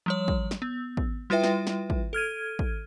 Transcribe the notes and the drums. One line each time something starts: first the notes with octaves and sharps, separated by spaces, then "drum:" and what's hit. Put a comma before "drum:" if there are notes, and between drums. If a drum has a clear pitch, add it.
F3 G3 C#5
drum: kick
drum: snare
B3
drum: kick
G3 E4 F4 B4 E5 G5
drum: snare
drum: snare
drum: kick
A4 F6 G#6 D#7
drum: kick